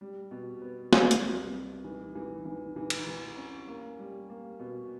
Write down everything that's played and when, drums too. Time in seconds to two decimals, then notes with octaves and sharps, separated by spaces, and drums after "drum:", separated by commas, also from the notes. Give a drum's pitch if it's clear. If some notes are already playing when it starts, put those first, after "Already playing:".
0.01 G3
0.31 B2
0.62 B3
0.93 B3, drum: snare
1.11 drum: hi-hat
1.22 C2
1.53 C2
1.84 E3
2.15 E3
2.45 E3
2.76 E3
2.90 drum: cymbal
3.07 E3
3.37 C#4
3.67 A#3
3.99 G3
4.30 A#3
4.60 B2